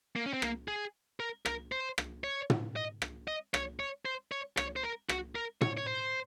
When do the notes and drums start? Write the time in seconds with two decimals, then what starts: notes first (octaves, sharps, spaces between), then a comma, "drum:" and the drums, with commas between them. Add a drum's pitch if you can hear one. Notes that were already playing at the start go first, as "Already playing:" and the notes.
0.16 A#3
0.26 C#4
0.34 C4
0.42 A#3, drum: rim click
0.68 G#4
1.20 A#4
1.46 A#4, drum: rim click
1.72 C5
1.98 drum: rim click
2.24 C#5
2.50 drum: tom
2.76 D#5
3.02 drum: rim click
3.28 D#5
3.54 C#5, drum: rim click
3.80 C#5
4.05 C5
4.32 C#5
4.57 C#5, drum: rim click
4.76 C5
4.83 A#4
5.09 F#4, drum: rim click
5.35 A#4
5.61 C#5, drum: tom
5.77 C#5
5.87 C5